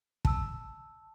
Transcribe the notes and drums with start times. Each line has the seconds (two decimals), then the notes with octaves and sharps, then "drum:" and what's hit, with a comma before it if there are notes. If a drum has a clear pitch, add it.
0.25 A5 E6, drum: kick